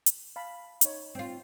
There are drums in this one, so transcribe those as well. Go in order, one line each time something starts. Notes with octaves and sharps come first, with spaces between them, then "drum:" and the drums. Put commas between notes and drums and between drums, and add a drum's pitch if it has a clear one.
drum: hi-hat
F5 A5 B5
D#4 C#5, drum: hi-hat
C4 F4